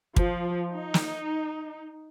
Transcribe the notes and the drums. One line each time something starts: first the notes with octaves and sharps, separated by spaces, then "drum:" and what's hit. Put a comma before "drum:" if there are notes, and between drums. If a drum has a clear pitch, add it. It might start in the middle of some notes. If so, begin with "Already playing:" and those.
F3, drum: kick
D#4
drum: snare